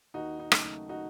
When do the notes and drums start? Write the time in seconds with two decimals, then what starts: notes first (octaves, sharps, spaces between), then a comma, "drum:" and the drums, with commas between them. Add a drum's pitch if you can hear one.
0.14 D#2 D#4 F#4
0.39 D#4
0.52 C#3 F#3 A3, drum: rim click
0.64 D#4
0.89 D#4 F#4